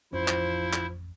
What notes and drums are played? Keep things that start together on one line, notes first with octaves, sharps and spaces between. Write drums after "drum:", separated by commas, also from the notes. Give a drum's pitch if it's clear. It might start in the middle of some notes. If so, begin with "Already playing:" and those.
A1 F2 F3 C#4 E4 C5
drum: clap
drum: clap